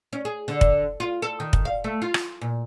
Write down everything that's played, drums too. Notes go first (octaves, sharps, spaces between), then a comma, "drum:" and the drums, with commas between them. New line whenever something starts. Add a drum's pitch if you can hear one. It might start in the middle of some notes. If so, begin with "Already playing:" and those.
C#4
G#4
D3
drum: kick
F4
A4
D#3
drum: kick
F5
A3
F4
drum: rim click
A#2